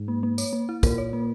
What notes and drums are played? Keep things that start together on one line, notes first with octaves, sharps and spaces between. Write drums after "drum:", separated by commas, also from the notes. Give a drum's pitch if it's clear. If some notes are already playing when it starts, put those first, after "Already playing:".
Already playing: G#2
A#3
A#3
C#5, drum: tambourine
A#3
E4
A#2 A#4, drum: kick, tambourine
C#5
A#3